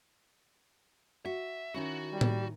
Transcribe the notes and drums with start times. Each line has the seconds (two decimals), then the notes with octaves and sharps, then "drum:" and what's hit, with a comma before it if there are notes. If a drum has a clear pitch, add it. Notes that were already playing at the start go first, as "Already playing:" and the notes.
1.25 F#4 E5
1.74 D#3 C#4 E4 F#4
2.12 G3
2.21 drum: tom A2